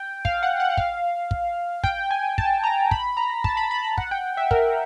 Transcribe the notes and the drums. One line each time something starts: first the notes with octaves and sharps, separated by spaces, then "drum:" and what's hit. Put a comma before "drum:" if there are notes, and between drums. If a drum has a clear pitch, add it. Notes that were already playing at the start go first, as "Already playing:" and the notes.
Already playing: G5
F5, drum: kick
F#5
F#5
F#5
F5, drum: kick
drum: kick
G5, drum: kick
G#5
A5, drum: kick
A#5
B5, drum: kick
A#5
A5, drum: kick
B5
B5
B5
F#5, drum: kick
G5
E5
A#4, drum: kick